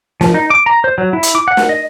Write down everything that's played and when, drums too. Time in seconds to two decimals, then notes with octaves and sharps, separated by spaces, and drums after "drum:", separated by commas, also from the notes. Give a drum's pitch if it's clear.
0.21 F3, drum: snare
0.34 D#4
0.50 D6
0.66 A#5
0.84 C5
0.98 F#3
1.13 E4
1.23 drum: hi-hat
1.35 D6
1.48 F#5
1.57 drum: snare
1.69 D#5